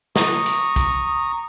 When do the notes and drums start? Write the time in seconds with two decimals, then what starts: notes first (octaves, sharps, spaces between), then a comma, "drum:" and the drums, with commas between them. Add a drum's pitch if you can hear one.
0.16 A#5 C#6 D#6, drum: snare
0.46 drum: hi-hat
0.76 drum: kick, hi-hat